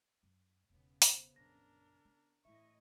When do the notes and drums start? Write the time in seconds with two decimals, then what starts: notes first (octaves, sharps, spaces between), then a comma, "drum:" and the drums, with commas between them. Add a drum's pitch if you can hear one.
0.23 F#2
0.70 E1 C#3 B3 D#4
1.02 C5, drum: open hi-hat
1.36 A#1 F#2 D4 A#4 A#6
2.05 B3
2.45 A2 E3 E4 D#5 E5 C#6